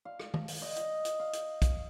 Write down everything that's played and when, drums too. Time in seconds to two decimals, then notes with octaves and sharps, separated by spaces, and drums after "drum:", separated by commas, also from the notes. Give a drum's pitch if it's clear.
0.05 F5
0.20 drum: rim click
0.34 drum: tom D#3
0.48 drum: open hi-hat
0.62 D#5
0.76 drum: hi-hat
1.05 drum: hi-hat
1.20 F5
1.33 drum: hi-hat
1.62 drum: kick, hi-hat